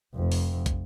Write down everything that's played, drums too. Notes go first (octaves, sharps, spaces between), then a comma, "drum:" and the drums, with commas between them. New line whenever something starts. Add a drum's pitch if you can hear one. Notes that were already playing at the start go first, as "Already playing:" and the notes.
F1 F2
drum: open hi-hat
drum: kick, hi-hat